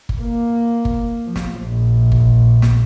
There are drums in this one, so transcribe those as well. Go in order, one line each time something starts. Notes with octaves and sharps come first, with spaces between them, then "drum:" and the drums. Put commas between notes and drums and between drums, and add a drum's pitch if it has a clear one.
drum: kick G1
A#3
drum: kick G1
F3
drum: snare
A#1
drum: kick G1
drum: snare